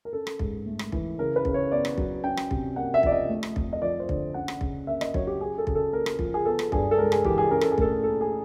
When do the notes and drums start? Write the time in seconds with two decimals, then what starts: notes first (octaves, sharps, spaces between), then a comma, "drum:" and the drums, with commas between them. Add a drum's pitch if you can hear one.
0.05 A#4
0.13 C#4 A4
0.27 drum: rim click
0.39 G#2, drum: kick B1
0.66 A3
0.79 drum: rim click
0.92 E3, drum: kick B1
1.19 C#3 A#4
1.36 B4
1.45 C#3, drum: kick B1
1.54 C#5
1.72 B3 D5
1.85 drum: rim click
1.98 F#3, drum: kick B1
2.24 C#4 G5
2.37 drum: rim click
2.51 C3, drum: kick B1
2.76 A#3 F#5
2.94 E5
3.03 F3 D5, drum: kick B1
3.12 D#5
3.29 A3
3.43 drum: rim click
3.56 F2, drum: kick B1
3.73 D#5
3.82 F3 D5
4.00 C5
4.09 D3, drum: kick B1
4.34 C#4 F#5
4.48 drum: rim click
4.61 C#3, drum: kick B1
4.87 A#3 E5
5.01 D#5, drum: rim click
5.14 F#3 C#5, drum: kick B1
5.27 G4
5.40 C#4 G#4
5.58 A4
5.67 C#3, drum: kick B1
5.75 A4
5.93 A#3 A#4
6.06 drum: rim click
6.19 F3, drum: kick B1
6.34 G#4
6.46 B3 A4
6.59 drum: rim click
6.72 G2 G#4, drum: kick B1
6.91 A4
6.98 G#3 A#4
7.12 G#4, drum: rim click
7.24 E3 G4, drum: kick B1
7.38 G#4
7.51 C#4 A#4
7.61 A4, drum: rim click
7.71 G#4
7.78 A2 A4, drum: kick B1
8.03 A#3 A4
8.21 G#4